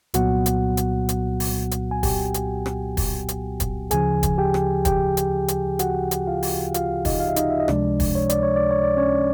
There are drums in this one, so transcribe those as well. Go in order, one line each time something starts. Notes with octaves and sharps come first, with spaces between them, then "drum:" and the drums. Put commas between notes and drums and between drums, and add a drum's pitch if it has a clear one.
C2 A#2 F#3 B3 F#4 F#5, drum: hi-hat
drum: hi-hat
drum: hi-hat
drum: hi-hat
drum: open hi-hat
drum: hi-hat
G#5
G4 G5, drum: kick, open hi-hat
drum: hi-hat
drum: rim click
drum: kick, open hi-hat
drum: hi-hat
drum: kick, hi-hat
D2 C#3 F3 G#4 G#5, drum: hi-hat
drum: kick, hi-hat
G4 G5
drum: rim click
G4 G5, drum: kick, hi-hat
drum: hi-hat
drum: hi-hat
F#4 F#5, drum: hi-hat
drum: hi-hat
F4 F5
drum: open hi-hat
F4 F5, drum: hi-hat
D#4 D#5, drum: kick, open hi-hat
F5
E5
D#4 D#5, drum: hi-hat
E5
D#5
C#2 C3 F3 G#3 D4 D5, drum: rim click
drum: kick, open hi-hat
C#5
D5, drum: hi-hat
C#5
D5
C#5
D5
C#4 C#5